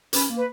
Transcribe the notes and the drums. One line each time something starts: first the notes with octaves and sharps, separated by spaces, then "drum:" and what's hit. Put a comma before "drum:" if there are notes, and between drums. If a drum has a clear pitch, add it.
C#4 B4, drum: hi-hat
A#3
B4